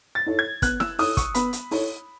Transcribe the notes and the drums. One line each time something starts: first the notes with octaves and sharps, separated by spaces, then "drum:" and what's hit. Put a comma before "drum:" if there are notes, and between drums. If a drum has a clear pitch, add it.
A6
E4 A4 C#5
G#6
B3 F#6, drum: kick, hi-hat
E6, drum: snare E4
E4 A4 C#5 D#6, drum: open hi-hat
C#6, drum: kick, hi-hat
B3 B5, drum: hi-hat
drum: hi-hat
E4 A4 C#5, drum: open hi-hat